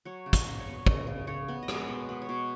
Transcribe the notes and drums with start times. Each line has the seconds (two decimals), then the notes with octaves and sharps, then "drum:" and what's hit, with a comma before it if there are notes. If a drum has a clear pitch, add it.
0.05 F#3 C#5
0.26 C#3
0.33 D#5, drum: kick, hi-hat
0.46 C#3
0.60 C#5
0.67 B3
0.86 C#3 D#5, drum: kick
1.07 C#3
1.27 C#3 C#5
1.48 B3
1.63 D#5
1.68 G#3 C#5, drum: rim click
1.88 B2
2.09 B3
2.22 C#5
2.29 B2